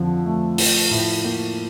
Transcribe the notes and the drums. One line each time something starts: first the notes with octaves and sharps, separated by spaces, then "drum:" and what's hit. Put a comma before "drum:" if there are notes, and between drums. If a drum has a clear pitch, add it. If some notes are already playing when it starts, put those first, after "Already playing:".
Already playing: F2 D3 F3
A3
F3, drum: open hi-hat
A2
A#3